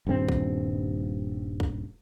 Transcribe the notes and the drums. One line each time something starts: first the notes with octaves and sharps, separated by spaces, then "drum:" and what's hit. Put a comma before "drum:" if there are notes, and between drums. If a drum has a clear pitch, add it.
D#1 G2 A#3 C4
drum: kick
drum: kick